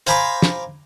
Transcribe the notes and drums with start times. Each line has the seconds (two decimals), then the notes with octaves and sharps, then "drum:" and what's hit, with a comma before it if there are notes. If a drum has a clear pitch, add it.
0.07 C5 F5 G#5 A#5 B5 D6, drum: hi-hat
0.42 drum: snare